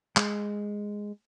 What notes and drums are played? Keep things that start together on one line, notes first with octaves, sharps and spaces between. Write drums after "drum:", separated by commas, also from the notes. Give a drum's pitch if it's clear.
G#3, drum: clap